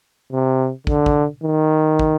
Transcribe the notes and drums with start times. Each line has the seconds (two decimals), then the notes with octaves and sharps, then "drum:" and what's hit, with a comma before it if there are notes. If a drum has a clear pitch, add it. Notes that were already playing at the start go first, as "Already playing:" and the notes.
0.32 C3
0.87 D3, drum: kick
1.06 drum: kick
1.43 D#3
1.99 drum: kick